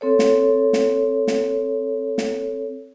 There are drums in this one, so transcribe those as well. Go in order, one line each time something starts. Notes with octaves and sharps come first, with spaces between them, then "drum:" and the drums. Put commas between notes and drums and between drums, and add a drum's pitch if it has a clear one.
C4 A4 C#5
drum: snare
drum: snare
drum: snare
drum: snare